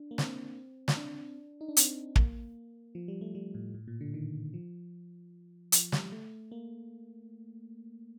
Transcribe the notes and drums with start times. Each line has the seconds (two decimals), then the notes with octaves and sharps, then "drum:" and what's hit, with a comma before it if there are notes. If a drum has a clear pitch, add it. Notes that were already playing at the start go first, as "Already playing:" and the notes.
Already playing: D4
0.11 A#3
0.18 C4, drum: snare
0.88 drum: snare
0.97 D4
1.61 D#4
1.69 D4
1.77 C4, drum: hi-hat
2.16 A#3, drum: kick
2.95 F3
3.08 G3
3.21 A3
3.35 G3
3.54 A2
3.74 A2
3.88 A#2
4.01 D3
4.14 D#3
4.54 F3
5.72 F3, drum: hi-hat
5.92 G3, drum: snare
6.06 G3
6.12 A3
6.51 A#3